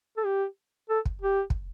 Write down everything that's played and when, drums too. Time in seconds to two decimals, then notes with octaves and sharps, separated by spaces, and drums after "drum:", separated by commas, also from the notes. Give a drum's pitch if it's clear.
0.17 A4
0.25 G4
0.89 A4
1.05 drum: kick
1.22 G4
1.50 drum: kick